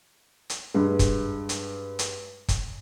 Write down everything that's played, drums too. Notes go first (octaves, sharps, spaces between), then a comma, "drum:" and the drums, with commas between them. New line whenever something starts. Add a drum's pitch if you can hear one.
drum: hi-hat
G2 G#3
drum: kick, hi-hat
drum: hi-hat
drum: hi-hat
drum: kick, hi-hat